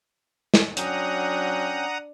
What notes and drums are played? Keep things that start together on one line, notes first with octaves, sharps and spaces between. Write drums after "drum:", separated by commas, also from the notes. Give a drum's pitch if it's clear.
drum: snare
F#3 C#4 D4 F#5 G5 A#5 D#6, drum: hi-hat